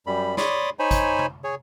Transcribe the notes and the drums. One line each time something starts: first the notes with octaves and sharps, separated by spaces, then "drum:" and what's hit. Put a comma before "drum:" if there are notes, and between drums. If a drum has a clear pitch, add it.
F#2 G3 B5
C#5 D5 B5 C6 D6 D#6, drum: snare
D#4 C5 C#5 G#5 B5
drum: kick G#1, hi-hat
drum: tom C3
G#4 C#5